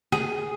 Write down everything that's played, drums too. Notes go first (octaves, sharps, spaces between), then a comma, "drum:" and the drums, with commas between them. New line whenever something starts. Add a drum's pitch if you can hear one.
G#4, drum: snare